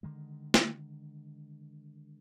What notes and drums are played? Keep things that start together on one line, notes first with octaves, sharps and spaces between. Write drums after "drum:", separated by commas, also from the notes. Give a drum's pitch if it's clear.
D3 D#3 G#3
drum: snare